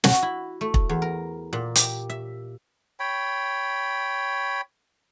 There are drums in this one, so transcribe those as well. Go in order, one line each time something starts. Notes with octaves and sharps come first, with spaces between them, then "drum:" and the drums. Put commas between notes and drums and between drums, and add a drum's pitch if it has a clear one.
F#4, drum: snare
E4
A3
drum: kick
E2
A#4
A#2
G4, drum: hi-hat
E5
C#5 G5 B5